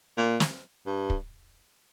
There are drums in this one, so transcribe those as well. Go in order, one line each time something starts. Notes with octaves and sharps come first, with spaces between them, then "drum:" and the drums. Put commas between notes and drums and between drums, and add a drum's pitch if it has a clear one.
A#2
drum: snare
G2
drum: kick